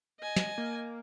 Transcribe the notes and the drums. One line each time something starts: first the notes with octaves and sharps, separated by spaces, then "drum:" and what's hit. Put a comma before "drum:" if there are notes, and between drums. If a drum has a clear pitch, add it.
D#5 G#5
drum: snare
A#3